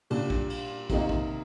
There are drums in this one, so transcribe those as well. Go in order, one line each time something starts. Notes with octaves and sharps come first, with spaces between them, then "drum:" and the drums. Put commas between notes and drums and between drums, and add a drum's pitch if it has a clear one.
A#2 G3 D4, drum: cymbal
drum: kick
drum: cymbal
C3 D#3 A#3 D#4, drum: kick, cymbal
drum: kick